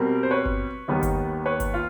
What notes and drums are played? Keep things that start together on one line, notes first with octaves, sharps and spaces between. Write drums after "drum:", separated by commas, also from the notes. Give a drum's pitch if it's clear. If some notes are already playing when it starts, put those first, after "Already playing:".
Already playing: B2 G3 C4 A#4
C5
B4 C#5
drum: kick G1
D#2 D#3 G3 B3
drum: kick G1, hi-hat
B4 C#5
drum: kick G1, hi-hat
F4